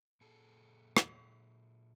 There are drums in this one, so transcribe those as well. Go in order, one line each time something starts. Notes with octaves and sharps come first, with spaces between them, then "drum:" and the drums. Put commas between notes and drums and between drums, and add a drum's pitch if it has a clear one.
A#2 G#4 A4
drum: rim click